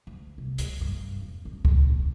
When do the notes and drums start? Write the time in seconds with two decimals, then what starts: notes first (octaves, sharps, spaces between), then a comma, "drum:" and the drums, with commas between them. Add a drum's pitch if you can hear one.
0.07 D2
0.38 C2
0.58 D2, drum: hi-hat
0.81 G2
1.22 E2
1.45 A1
1.65 C3, drum: kick C#2
1.90 E1